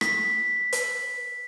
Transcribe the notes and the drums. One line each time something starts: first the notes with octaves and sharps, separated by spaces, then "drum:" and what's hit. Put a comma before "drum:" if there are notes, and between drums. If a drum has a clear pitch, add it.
B6, drum: rim click
drum: hi-hat